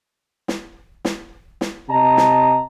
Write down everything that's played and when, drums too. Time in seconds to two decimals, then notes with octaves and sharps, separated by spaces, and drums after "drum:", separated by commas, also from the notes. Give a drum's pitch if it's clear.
0.48 drum: snare
1.05 drum: snare
1.61 drum: snare
1.89 C3 D#5 A5 A#5
2.17 drum: snare